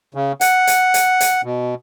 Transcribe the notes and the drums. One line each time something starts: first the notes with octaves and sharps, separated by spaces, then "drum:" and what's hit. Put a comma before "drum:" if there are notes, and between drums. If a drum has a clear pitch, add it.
C#3
F#5, drum: hi-hat
drum: hi-hat
drum: hi-hat
drum: hi-hat
B2